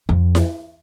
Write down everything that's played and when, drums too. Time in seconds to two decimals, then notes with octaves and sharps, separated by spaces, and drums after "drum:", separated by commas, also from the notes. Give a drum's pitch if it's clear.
0.09 F2
0.35 drum: snare E4